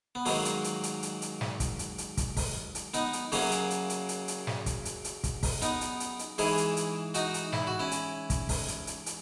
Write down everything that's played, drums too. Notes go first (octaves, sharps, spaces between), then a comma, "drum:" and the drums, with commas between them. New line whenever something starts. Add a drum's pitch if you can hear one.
B3
G#2 D#3 F#3 A#3, drum: open hi-hat
drum: hi-hat
drum: hi-hat
drum: hi-hat
drum: hi-hat
drum: hi-hat
drum: snare
drum: kick, hi-hat
drum: hi-hat
drum: hi-hat
drum: kick, hi-hat
drum: kick, open hi-hat
drum: hi-hat
B3 D#4, drum: hi-hat
drum: hi-hat
F#2 C#3 F#3 A#3 C#4, drum: open hi-hat
drum: hi-hat
drum: hi-hat
drum: hi-hat
drum: hi-hat
drum: hi-hat
drum: snare
drum: kick, hi-hat
drum: hi-hat
drum: hi-hat
drum: kick, hi-hat
drum: kick, open hi-hat
B3 D#4, drum: hi-hat
drum: hi-hat
drum: hi-hat
drum: hi-hat
G#2 E3 E4 G#4, drum: open hi-hat
drum: hi-hat
drum: hi-hat
D#4 F#4, drum: hi-hat
drum: hi-hat
E4, drum: snare
F#4
C#4 E4
drum: hi-hat
drum: kick, hi-hat
drum: kick, open hi-hat
drum: hi-hat
drum: hi-hat
drum: hi-hat